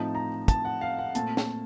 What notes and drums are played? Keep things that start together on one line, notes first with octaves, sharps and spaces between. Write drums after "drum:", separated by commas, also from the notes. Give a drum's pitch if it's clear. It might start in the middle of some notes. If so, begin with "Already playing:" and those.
Already playing: A2 F3 C4 D#4 A5
A#5
A5, drum: kick, hi-hat
F#5
F5
F#5
A#2 A3 C4 A5, drum: hi-hat
drum: snare